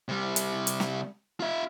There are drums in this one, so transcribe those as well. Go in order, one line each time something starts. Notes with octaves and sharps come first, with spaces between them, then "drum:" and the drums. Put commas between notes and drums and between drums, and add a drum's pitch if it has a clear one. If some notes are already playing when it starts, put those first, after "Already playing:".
C3 G3
drum: hi-hat
drum: hi-hat
drum: snare
F4 E5